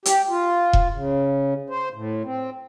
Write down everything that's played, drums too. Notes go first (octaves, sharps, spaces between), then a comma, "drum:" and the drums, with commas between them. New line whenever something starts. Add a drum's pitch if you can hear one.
G4, drum: hi-hat
F4
drum: kick E1
C#3
C5
A2
C4